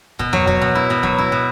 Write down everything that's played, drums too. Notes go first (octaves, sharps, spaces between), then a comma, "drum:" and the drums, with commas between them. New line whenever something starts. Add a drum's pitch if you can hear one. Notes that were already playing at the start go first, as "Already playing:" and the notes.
B2, drum: kick D2
F#3, drum: tom F2
F#3, drum: kick D2
B2
E4
B2
F#3, drum: kick D2
E4
B2